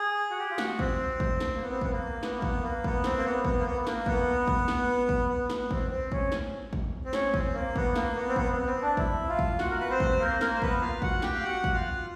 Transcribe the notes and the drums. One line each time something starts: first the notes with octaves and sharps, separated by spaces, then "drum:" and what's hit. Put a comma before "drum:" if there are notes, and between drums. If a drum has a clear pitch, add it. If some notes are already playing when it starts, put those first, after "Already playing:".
Already playing: G#4
F#4
G4
F4
F#4, drum: snare
C4, drum: kick
drum: kick
drum: snare
A#3
B3
C4
B3, drum: kick
A#3
B3, drum: snare
A#3
B3, drum: kick
A#3
B3, drum: kick
C4, drum: snare
A#3
B3
B3, drum: kick
A#3
B3
B3
A#3, drum: snare
B3, drum: kick
drum: kick
drum: snare
drum: kick
B3
B3, drum: snare
C4, drum: kick
C4
C#4, drum: kick
drum: snare
drum: kick
C4
C#4, drum: snare
C4, drum: kick
A#3
B3, drum: kick
A#3, drum: snare
B3
C4
B3, drum: kick
B3
C4
D4
E4, drum: kick
F4
drum: kick
F#4, drum: snare
A#4
B4
C4 C5
drum: kick
A#3 A#4
A#3 A#4, drum: snare
C5
B3 B4, drum: kick
F4 F5
F#4 F#5, drum: kick
G4 G5, drum: snare
F5
F#4 F#5
drum: kick
F4 F5